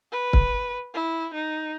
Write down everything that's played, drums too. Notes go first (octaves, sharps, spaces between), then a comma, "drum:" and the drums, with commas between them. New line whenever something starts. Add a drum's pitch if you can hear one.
B4
drum: kick
E4
D#4